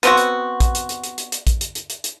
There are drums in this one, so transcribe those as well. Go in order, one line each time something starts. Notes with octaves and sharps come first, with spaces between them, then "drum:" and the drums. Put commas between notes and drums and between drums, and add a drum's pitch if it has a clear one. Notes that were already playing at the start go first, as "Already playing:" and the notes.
B3 C4 F#4, drum: hi-hat
drum: hi-hat
drum: kick, hi-hat
drum: hi-hat
drum: hi-hat
drum: hi-hat
drum: hi-hat
drum: hi-hat
drum: kick, hi-hat
drum: hi-hat
drum: hi-hat
drum: hi-hat
drum: hi-hat